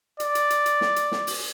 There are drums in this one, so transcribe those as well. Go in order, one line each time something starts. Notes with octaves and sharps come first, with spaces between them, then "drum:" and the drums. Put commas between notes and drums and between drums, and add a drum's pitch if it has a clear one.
D5, drum: hi-hat
drum: hi-hat
drum: hi-hat
drum: hi-hat
drum: snare
drum: hi-hat
drum: snare
drum: open hi-hat